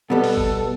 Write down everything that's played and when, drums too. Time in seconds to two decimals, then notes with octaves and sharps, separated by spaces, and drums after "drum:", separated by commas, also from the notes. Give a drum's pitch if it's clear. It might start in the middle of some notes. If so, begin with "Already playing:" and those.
0.10 B2 G3 B3 A4
0.24 drum: open hi-hat
0.37 drum: kick G1